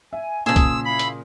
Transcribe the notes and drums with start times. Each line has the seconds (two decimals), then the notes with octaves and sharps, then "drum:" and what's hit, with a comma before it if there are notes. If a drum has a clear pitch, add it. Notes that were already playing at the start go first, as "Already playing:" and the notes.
0.13 E5 G#5
0.46 A#2 C#3 F3 G#4 D#6 E6
0.56 drum: kick, hi-hat
0.85 E4 F5 B5
0.99 drum: hi-hat